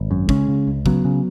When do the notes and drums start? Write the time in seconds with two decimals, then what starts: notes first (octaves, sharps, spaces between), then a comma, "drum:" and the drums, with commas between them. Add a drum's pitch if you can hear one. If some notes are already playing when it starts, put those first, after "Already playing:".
Already playing: G#1
0.11 F#2
0.29 C#3 G#3 C#4, drum: kick
0.49 C#3
0.67 C#2
0.86 C#3 F#3 B3, drum: kick
1.05 C#3